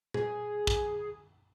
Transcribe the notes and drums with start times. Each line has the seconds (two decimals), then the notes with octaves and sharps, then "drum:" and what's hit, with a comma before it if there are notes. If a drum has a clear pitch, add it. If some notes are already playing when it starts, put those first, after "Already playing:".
0.14 G#4, drum: tom A#2
0.67 drum: kick